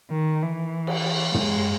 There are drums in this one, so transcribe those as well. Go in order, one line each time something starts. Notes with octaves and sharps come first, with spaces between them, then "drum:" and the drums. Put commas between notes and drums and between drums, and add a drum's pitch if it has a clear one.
D#3
E3
drum: cymbal
G#3, drum: tom